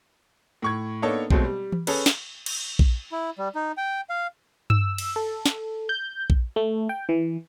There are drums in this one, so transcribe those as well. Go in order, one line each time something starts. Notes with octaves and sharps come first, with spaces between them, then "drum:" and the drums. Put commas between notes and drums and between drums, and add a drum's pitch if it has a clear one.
A2 C#6 G#6
A#3 B3 D4 D#4 A4 C#5
B2 F#3 G#3 A3 C4, drum: kick A#1
G3
drum: tom E3
C#4 G#4 A4 B4, drum: cymbal
drum: snare
drum: cymbal
drum: kick A#1
E4
G3
D#4
G5
F5
E6, drum: tom G2
drum: cymbal
A4
drum: snare
G6
drum: kick A#1
A3
G5
E3